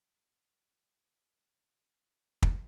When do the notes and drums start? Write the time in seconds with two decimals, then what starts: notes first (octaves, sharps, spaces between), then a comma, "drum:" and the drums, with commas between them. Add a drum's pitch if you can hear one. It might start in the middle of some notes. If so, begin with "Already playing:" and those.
0.12 C2
1.33 D3 F#3 A#3 B3 A5
1.81 F2 D#4 F#4 A4
2.42 drum: kick